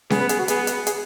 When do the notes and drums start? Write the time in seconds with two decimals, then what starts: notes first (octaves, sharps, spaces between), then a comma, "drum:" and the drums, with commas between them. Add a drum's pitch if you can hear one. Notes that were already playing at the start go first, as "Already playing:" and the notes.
0.10 B3 G#4, drum: snare C#4
0.20 B4
0.29 G#4, drum: hi-hat
0.39 F#4
0.48 B3 G#4, drum: hi-hat
0.67 drum: hi-hat
0.87 G#4, drum: hi-hat